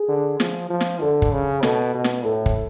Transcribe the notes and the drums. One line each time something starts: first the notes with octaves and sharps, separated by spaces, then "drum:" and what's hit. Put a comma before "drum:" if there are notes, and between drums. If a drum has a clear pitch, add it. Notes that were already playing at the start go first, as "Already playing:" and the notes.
Already playing: G#4
D3
F3, drum: snare
F3
drum: snare
D3 A4
drum: kick
C#3
B2 A4, drum: snare
B2
drum: snare
A2 A4
drum: kick